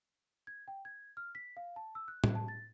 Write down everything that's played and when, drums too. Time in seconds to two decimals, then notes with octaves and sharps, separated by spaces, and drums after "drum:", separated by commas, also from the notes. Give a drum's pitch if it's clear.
0.47 G#6
0.68 G5
0.85 G#6
1.17 F6
1.35 B6
1.57 F5
1.76 A5
1.95 E6
2.08 F#6
2.24 drum: tom A2
2.35 A5
2.48 A6